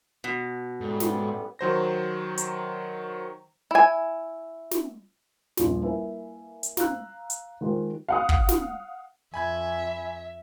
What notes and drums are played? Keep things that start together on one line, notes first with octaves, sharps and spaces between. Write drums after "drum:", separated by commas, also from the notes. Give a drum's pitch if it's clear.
B2
A1 G#2 G3 B3 A4
drum: snare
D#3 F#3 C5 A#6
drum: hi-hat
E4 G#5
drum: snare
D#1 A#1 F4, drum: snare
A#3 E4 B4 E5 G#5
drum: hi-hat
F5 A#5 E6 F#6, drum: snare
drum: hi-hat
D#3 G#3 F4 G4 A#4 C5
F5 F#5 D#6
drum: kick
drum: snare
F2 E5 G#5 B5 G#6